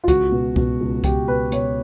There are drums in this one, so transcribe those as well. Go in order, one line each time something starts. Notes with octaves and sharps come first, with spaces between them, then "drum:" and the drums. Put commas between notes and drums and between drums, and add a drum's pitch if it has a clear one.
F4
C#2 F#4, drum: kick C2, hi-hat
B2
B2, drum: kick C2
C#2
C#2 G4, drum: kick C2, hi-hat
B2 B4
B2 C#5, drum: hi-hat